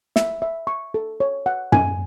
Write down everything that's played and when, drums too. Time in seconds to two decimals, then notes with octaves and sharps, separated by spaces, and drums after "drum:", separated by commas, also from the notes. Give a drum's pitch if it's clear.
0.16 E5, drum: snare
0.42 E5
0.67 C#6
0.94 A4
1.20 C#5
1.46 F#5
1.72 G#5, drum: tom F#2